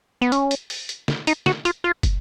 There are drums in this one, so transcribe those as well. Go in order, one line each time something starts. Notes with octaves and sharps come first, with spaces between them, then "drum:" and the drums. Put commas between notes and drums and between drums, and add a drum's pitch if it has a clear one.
B3
C#4, drum: hi-hat
drum: hi-hat
drum: open hi-hat
drum: hi-hat
drum: snare
D#4, drum: hi-hat
F#4, drum: snare
F4, drum: hi-hat
F4
drum: kick, hi-hat